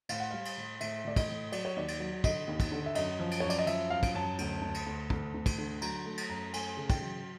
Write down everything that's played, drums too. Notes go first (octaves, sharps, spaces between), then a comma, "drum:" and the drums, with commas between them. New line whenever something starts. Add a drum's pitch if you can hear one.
A2 F5, drum: cymbal
F#5
G3 F5
drum: cymbal
A2
A2 E5, drum: cymbal
A2 D5
D#5, drum: kick, cymbal
A2
F#3 D5, drum: cymbal
C#5
D#2 D5
drum: cymbal
F#3
D3 D#5, drum: kick, cymbal
D#2
drum: kick, cymbal
D3
E5
F#2 D#5, drum: cymbal
F3
drum: cymbal
F#2 C#5
D5, drum: cymbal
D#5
F3 E5, drum: cymbal
F#2 F5
drum: kick, cymbal
F#2 A5
D2, drum: cymbal
D2
drum: cymbal
D2
D2, drum: kick
D2
drum: kick, cymbal
D3
F#3 A#5, drum: cymbal
A3
drum: cymbal
F#2 A#5
A3 G#5, drum: cymbal
C#3
G5, drum: kick, cymbal
F#3